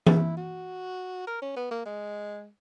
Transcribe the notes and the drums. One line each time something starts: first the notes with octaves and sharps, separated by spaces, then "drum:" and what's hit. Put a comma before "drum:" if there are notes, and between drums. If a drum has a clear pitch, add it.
E4, drum: tom E3
F#4
A#4
C#4
B3
A#3
G#3